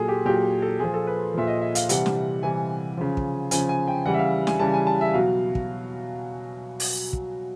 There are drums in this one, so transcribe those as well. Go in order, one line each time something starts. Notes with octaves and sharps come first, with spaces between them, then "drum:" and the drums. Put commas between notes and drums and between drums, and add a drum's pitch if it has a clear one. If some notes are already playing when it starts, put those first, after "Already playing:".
Already playing: A#2 F#3 G#4 A4
G4
A#2 F#3 G4
A4
A#2 F3 G#4
A4
B4
A#2 F3 E5
D#5
E5
F5, drum: hi-hat
C3 E3 G3 F#5, drum: hi-hat
drum: snare
C3 E3 G3 G#5
C#3 F3
drum: kick
C#3 F3 G#5, drum: hi-hat
G#5
G5
C#3 E3 G3 F#5
E5
F5
G#5, drum: snare
C#3 E3 G3 A5
G#5
A5
E5
B2 F#3 F5
drum: kick
drum: open hi-hat
drum: kick